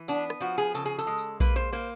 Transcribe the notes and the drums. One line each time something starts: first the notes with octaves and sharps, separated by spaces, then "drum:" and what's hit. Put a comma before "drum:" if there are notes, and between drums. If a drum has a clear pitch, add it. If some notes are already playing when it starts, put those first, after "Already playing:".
Already playing: E3
B3 D4, drum: tambourine
drum: rim click
F3 F#4
G#4
C#3 A4, drum: tambourine
G#4
A4, drum: tambourine
G#3
drum: tambourine
A#3 B4, drum: kick A#1, tambourine
C5
A#3 C5